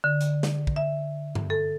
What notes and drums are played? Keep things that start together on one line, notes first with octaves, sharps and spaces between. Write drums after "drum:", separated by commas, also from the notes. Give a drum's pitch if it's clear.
D3
drum: hi-hat
drum: snare
drum: kick
E5
drum: tom G2
A4